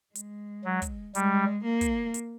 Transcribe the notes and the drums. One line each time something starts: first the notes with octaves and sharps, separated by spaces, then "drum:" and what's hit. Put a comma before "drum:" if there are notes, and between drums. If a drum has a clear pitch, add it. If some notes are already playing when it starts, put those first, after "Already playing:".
G#3, drum: hi-hat
F#3
drum: kick, hi-hat
G3 G#3, drum: hi-hat
A#3
drum: kick, hi-hat
drum: hi-hat